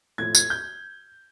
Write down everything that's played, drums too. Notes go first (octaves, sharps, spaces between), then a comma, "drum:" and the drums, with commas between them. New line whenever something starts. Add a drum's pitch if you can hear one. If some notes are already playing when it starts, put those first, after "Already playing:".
A2 F3 G#6
G#6, drum: tambourine
G6